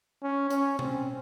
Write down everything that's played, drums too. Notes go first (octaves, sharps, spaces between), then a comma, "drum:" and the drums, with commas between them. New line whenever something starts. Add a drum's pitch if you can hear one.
C#4
C#4, drum: hi-hat
C4, drum: tom B2